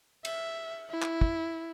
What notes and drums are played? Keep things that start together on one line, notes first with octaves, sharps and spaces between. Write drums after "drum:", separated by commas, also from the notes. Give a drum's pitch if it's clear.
E5, drum: cymbal
E4
drum: clap
drum: kick